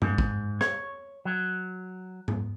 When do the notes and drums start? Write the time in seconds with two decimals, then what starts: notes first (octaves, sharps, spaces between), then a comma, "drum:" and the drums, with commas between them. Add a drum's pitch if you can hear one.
0.02 G#2, drum: tom G2
0.18 drum: kick
0.61 C#5, drum: rim click
1.25 F#3
2.28 drum: tom G#2